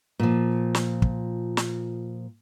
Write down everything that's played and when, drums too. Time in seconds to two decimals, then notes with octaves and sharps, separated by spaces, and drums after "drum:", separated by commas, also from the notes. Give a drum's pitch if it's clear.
0.19 A#2 F3
0.75 drum: snare
1.02 drum: kick
1.57 drum: snare